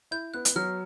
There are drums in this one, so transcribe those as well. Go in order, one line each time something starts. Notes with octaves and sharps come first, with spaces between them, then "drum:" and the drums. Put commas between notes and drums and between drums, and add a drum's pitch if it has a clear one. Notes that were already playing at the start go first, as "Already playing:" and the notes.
E4 G6
B3 F#6
drum: hi-hat
F#3 F6